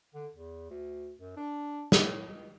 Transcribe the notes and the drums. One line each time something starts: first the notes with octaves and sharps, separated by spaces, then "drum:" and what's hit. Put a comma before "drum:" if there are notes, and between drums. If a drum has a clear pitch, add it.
D3
E2
D2
F#2
D4
A2, drum: snare
C#2